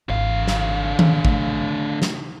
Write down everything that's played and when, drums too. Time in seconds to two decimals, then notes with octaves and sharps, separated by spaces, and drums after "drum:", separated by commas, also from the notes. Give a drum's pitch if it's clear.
0.09 G#1 D3 E3 F5
0.47 drum: snare
0.99 drum: tom D#3
1.25 A3, drum: kick A1
2.02 drum: snare